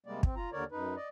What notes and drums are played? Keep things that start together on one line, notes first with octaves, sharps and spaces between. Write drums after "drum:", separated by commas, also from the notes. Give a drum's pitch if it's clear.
C3 G3 G#3 A#3 D5
C4, drum: kick
F4 A#5
D#2 D3 A#4 C#5 D5
F#2 D#4 B4
D5 D#5